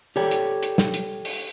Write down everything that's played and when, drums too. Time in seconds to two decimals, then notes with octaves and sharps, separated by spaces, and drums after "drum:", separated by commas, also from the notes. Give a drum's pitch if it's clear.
0.16 G4 A4 C#5 D5 G5
0.31 drum: hi-hat
0.63 drum: hi-hat
0.78 drum: snare
0.94 drum: hi-hat
1.25 drum: open hi-hat